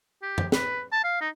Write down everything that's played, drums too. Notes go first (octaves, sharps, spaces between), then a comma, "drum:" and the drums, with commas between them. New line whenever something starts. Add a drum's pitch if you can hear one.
G4
drum: tom
B4, drum: snare
A5
F5
D#4